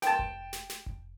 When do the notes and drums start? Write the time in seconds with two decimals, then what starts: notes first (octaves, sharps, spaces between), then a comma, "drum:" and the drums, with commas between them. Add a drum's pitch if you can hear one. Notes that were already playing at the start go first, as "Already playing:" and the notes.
0.02 G5 A5, drum: snare
0.19 drum: kick F1
0.53 drum: snare
0.70 drum: snare
0.86 drum: kick F1